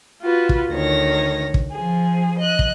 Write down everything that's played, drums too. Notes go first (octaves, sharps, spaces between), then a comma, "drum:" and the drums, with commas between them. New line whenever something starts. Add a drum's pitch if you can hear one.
F4 F#4 B4
drum: kick
D2 D#3 C#5 A#6
drum: kick
F3 G#4
D#5 F#6
drum: kick